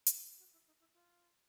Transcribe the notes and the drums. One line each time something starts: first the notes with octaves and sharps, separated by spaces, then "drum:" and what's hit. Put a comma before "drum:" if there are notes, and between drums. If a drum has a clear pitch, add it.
drum: hi-hat
F#4
E4
D#4
E4
F4